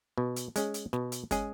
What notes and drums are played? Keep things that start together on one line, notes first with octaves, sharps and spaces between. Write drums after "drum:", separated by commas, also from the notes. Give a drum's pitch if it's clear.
B2
drum: hi-hat
G#3 C#4 G#4, drum: hi-hat
drum: hi-hat
B2, drum: snare
drum: hi-hat
G#3 C#4 G#4, drum: kick, hi-hat